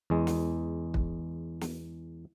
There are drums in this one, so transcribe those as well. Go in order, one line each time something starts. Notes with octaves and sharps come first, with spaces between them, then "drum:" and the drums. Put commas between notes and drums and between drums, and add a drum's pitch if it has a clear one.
E2 G#3
drum: snare
drum: kick
drum: snare